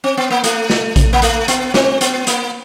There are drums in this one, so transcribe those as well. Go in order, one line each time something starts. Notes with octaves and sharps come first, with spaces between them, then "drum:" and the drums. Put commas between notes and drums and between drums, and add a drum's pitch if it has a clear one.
C4
B3
A#3
A3, drum: hi-hat
drum: snare
drum: kick A#1, hi-hat
A#3
A3, drum: hi-hat
B3, drum: hi-hat
C4, drum: snare
B3, drum: hi-hat
A#3, drum: hi-hat